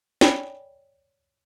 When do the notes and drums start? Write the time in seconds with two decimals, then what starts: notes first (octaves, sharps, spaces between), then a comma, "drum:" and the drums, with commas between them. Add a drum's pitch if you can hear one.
0.21 C#5 D5 G5 G#5 B5, drum: snare